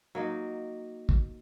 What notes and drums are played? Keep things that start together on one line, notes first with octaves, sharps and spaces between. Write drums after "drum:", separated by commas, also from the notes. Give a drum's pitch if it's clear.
F#3 A#3 D#4
drum: kick